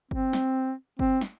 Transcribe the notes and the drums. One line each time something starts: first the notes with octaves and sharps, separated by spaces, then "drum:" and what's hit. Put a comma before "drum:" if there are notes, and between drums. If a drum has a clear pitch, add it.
C4, drum: kick G1
drum: snare
C4, drum: kick G1
drum: snare